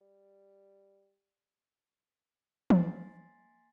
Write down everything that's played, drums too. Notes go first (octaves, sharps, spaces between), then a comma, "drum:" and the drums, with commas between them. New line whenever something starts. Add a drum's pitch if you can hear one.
G3
A#3 G#5 C6 A6 B6 C7, drum: tom E3